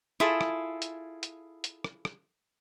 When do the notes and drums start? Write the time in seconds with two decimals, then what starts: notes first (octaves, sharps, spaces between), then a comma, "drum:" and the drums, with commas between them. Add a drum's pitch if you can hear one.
0.20 E4 F4 G#4 A4, drum: rim click
0.41 drum: rim click
0.82 drum: hi-hat
1.23 drum: hi-hat
1.64 drum: hi-hat
1.84 drum: rim click
2.05 drum: rim click